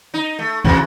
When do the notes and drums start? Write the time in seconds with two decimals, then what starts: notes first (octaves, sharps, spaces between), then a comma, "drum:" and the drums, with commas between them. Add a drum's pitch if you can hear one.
0.14 D#4
0.39 A3
0.65 C3 E3 F#3, drum: kick